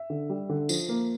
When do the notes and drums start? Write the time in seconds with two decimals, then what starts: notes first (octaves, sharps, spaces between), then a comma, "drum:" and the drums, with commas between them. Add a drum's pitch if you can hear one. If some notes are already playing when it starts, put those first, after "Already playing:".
Already playing: E5
0.10 D3
0.30 G3
0.49 D3
0.69 F3, drum: tambourine
0.89 A#3